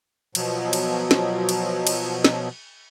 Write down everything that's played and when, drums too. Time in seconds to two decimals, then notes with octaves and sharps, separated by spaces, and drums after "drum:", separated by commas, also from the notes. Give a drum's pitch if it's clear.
0.35 B2 F3 F#3, drum: cymbal
0.73 drum: cymbal
1.11 drum: snare
1.49 drum: cymbal
1.87 drum: cymbal
2.24 drum: snare